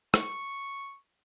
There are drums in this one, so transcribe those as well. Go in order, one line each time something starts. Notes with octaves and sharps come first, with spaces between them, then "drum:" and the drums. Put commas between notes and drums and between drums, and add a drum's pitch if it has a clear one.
C#6, drum: rim click